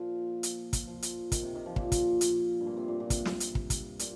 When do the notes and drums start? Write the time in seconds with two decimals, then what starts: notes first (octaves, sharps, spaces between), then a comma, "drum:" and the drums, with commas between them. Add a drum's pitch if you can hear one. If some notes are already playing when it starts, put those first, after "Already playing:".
Already playing: A#2 F3
0.43 drum: hi-hat
0.73 drum: kick, hi-hat
0.87 F3
1.02 drum: hi-hat
1.32 D#3, drum: kick, hi-hat
1.43 C3
1.55 D#3
1.66 F3
1.76 A#2, drum: kick
1.92 drum: kick, hi-hat
2.21 A#2, drum: hi-hat
2.60 G2
2.67 A#2
2.77 C3
2.88 A#2
3.00 A#2
3.10 C3, drum: kick, hi-hat
3.25 drum: snare
3.40 drum: hi-hat
3.55 drum: kick
3.70 drum: kick, hi-hat
3.99 A#2, drum: hi-hat